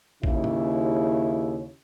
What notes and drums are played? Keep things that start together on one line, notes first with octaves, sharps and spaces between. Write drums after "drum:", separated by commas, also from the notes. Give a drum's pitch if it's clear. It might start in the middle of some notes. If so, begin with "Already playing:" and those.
D#2 C#3 E4, drum: kick
drum: tom G#2